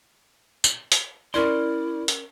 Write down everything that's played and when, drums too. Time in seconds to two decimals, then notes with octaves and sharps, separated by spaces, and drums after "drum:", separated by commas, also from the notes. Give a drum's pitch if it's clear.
0.64 drum: tambourine
0.92 drum: hi-hat
1.34 C#4 E4 A#4 D5 C6
2.08 drum: hi-hat